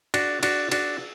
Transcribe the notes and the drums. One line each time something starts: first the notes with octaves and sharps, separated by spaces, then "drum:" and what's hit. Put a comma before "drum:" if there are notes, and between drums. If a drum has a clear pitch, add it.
D4 F#4, drum: cymbal
D4 F#4, drum: cymbal
D4 F#4, drum: cymbal